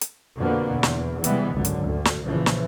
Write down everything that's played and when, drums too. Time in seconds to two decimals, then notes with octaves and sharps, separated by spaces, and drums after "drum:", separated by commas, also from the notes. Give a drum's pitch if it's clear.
0.01 drum: hi-hat
0.38 F2 B2 D3 A#3 B3
0.74 E2
0.83 drum: snare
1.24 C3 E3 G3 G#3 B3, drum: hi-hat
1.53 G#1 C#2 F#2 D3
1.65 drum: hi-hat
1.84 D2
2.05 drum: snare
2.25 A#1 C#3 E3 F3
2.46 drum: snare